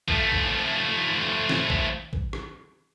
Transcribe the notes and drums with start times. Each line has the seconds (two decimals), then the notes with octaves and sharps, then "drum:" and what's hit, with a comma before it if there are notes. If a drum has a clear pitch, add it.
0.08 F3 A3, drum: kick A1
0.32 drum: kick A1
1.49 drum: snare
1.70 drum: kick A1
2.13 drum: kick A1
2.33 drum: rim click